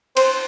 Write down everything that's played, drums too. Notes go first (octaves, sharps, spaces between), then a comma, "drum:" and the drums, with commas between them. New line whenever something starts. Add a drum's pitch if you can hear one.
C5, drum: cymbal